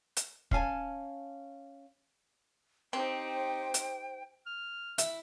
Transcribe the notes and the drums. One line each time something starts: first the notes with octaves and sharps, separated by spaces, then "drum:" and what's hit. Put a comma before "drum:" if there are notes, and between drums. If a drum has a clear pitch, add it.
drum: hi-hat
C#4 F5 G#5 A5, drum: kick
C4 D#4 G4 C5 G5
drum: hi-hat
F6
E4, drum: hi-hat